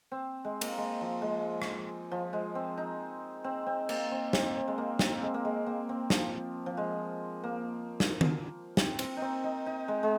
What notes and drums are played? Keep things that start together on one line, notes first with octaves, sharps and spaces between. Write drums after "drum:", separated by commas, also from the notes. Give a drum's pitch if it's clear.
C4
G#3
A#3, drum: cymbal
G#3
F3
G#3
drum: rim click
F3
G#3
C4
D#4
C4
C4
A#3, drum: cymbal
C4
C4, drum: snare
C4
G#3
A#3
C4, drum: snare
G#3
A#3
G#3
A#3
C4
F3, drum: snare
F3
G#3
A#3
drum: snare
drum: tom D#3
C4, drum: snare
C4, drum: cymbal
D#4
C4
D#4
D#4
G#3
G#3